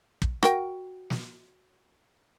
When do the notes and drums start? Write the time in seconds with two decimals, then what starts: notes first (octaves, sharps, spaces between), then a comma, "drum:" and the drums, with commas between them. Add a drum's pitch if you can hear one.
0.22 drum: kick
0.43 F#4 A#4 G5, drum: rim click
1.10 drum: snare